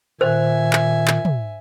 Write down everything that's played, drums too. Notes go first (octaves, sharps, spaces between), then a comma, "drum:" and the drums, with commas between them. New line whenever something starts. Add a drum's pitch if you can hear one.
A#2 D#3 C5 E5 G#5
drum: clap
drum: clap
drum: tom